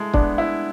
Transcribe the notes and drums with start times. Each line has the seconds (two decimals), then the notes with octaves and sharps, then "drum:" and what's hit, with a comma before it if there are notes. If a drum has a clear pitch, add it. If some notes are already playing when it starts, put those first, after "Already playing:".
Already playing: G#3 E4 A4
0.14 B3 D4, drum: kick
0.38 E4